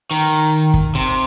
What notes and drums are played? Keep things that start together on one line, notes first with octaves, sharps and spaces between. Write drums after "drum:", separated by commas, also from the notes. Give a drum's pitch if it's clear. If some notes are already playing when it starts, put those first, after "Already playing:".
D#3
drum: kick
C3